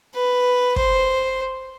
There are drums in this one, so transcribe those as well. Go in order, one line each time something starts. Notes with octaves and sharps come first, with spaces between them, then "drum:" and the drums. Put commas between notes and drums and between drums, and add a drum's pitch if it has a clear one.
B4
C5, drum: kick